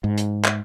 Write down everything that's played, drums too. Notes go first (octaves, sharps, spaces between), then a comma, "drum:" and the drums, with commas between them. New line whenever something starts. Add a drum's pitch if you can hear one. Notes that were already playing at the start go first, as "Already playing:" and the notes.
G#2
drum: hi-hat
drum: clap